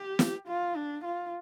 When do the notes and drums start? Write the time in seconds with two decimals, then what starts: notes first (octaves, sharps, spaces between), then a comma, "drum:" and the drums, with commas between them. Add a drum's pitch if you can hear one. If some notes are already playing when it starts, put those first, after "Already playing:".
Already playing: G4
0.19 drum: snare
0.48 F4
0.76 D4
1.04 F4